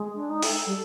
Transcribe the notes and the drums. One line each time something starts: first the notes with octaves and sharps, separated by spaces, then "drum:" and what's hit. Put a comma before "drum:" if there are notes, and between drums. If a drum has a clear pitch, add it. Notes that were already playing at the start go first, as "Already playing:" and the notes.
Already playing: G#3
D4
D#4
A4, drum: open hi-hat
G3